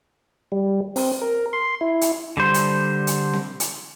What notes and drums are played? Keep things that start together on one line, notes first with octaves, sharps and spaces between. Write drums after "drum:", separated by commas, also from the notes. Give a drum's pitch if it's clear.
G3
C4, drum: open hi-hat
A#4
C6
E4
drum: hi-hat
D3 G3 C5
drum: hi-hat
drum: hi-hat
drum: snare C4
drum: hi-hat